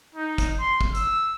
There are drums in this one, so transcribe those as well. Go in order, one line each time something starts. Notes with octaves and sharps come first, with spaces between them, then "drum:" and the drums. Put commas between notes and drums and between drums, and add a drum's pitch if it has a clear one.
D#4
drum: kick, hi-hat
C6
drum: kick
E6, drum: hi-hat